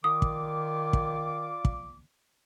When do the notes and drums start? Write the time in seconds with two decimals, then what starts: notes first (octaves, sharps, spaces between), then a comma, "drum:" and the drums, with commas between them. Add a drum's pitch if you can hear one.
0.04 D#3 F4 D5 D6 D#6
0.22 drum: kick
0.93 drum: kick
1.65 drum: kick